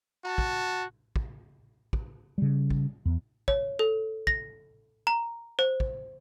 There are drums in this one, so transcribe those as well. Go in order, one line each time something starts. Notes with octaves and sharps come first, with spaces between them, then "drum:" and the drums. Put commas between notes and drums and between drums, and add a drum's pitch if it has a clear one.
F#4 A5
drum: kick
drum: kick
drum: kick
C#3 G3
drum: kick
E2
C#5, drum: kick
A4
A#6, drum: kick
A#5
C5
drum: kick